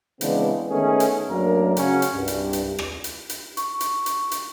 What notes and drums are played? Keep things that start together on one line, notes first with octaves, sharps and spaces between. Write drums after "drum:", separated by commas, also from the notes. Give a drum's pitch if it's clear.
C#3 E3 G#3 B3 C4 D4, drum: hi-hat
D#3 A3 B3 C#4 D#4 G#4
drum: hi-hat
F#2 F#3 A3 A#3 D4 A#4
C#3 C#4 F#4, drum: hi-hat
drum: hi-hat
C2 G2
drum: hi-hat
drum: hi-hat
drum: rim click
drum: hi-hat
drum: hi-hat
C#6, drum: hi-hat
drum: hi-hat
drum: hi-hat
drum: hi-hat